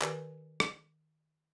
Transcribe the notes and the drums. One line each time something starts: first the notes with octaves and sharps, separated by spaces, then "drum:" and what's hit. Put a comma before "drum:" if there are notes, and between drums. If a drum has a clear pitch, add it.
D#3 G4 A#4 B4 D5 G#5, drum: clap
drum: rim click